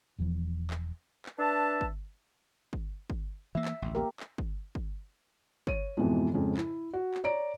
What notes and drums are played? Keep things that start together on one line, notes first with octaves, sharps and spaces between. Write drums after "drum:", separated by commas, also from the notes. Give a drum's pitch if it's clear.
E1 E2 E3 F3
drum: clap
drum: clap
D4 B4 E5 A5
drum: kick
drum: kick
drum: kick
E3 A#3 E5
drum: clap
A1 D2
A#3 G4 A#4
drum: clap
drum: kick
drum: kick
C#5 D#7, drum: kick
F2 G#2 B2 E3
F2 G#2 C#3
E4, drum: clap
F#4
drum: clap
C#5 D5 A#5 D7